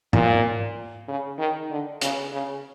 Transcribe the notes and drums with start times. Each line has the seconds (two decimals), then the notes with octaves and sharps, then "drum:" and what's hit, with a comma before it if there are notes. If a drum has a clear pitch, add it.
0.13 A#2, drum: tom G#2
1.08 C#3
1.39 D#3
1.70 D3
2.01 C#3, drum: hi-hat
2.32 C#3